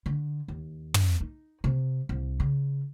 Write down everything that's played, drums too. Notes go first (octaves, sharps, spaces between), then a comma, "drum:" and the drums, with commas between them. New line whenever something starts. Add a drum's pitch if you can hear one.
D3
D#2
drum: tom
D#4
C3
C2
C#3